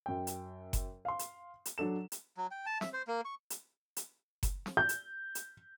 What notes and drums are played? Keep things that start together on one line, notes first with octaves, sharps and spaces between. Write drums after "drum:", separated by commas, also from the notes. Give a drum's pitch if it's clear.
F#2 G5
drum: hi-hat
drum: kick F#1, hi-hat
F5 C6
drum: hi-hat
drum: hi-hat
F#3 D4 A4 E7
drum: hi-hat
F#3
G5
A5
E5, drum: snare
C5
A#3
C#6
drum: hi-hat
drum: hi-hat
drum: kick F#1, hi-hat
drum: snare
G6
drum: hi-hat
drum: hi-hat